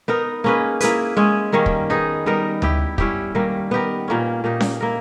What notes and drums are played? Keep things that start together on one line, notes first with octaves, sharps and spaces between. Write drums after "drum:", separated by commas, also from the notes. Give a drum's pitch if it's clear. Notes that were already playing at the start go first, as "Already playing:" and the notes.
B3 D#4 A#4
A#3 C#4 G#4 B4
A#3 E4 G#4 B4, drum: hi-hat
G#3 C#4 G#4
D#3 G3 A#3 C#4
drum: kick
B3 D#4 G#4
G3 B3 D#4 A#4
B3 E4 G4, drum: tom D2
G3 C#4 E4 G4, drum: kick
D#3 G3 A#3
B3 G4 A#4
A#2 A#3 C#4
A#2 A#3 D#4 G4
drum: snare C#4
A#3 E4 A#4